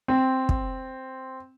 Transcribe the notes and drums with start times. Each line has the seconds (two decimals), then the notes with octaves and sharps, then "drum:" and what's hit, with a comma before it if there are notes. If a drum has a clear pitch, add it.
0.08 C4
0.49 drum: kick